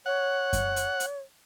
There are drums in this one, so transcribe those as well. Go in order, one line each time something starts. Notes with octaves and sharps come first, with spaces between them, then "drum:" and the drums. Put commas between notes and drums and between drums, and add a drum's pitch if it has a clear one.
C#5 F#5
drum: kick F#2, hi-hat
drum: hi-hat
drum: hi-hat